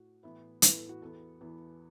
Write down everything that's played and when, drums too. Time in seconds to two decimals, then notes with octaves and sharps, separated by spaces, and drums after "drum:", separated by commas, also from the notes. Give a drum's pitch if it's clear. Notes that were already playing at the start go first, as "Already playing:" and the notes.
Already playing: A2 F#4
0.23 A2 E3 B3 E4
0.62 A2 E3 B3 B4, drum: hi-hat
0.76 A4
0.89 F#4
1.02 E2 E3 B3 A4
1.41 E2 E3 B3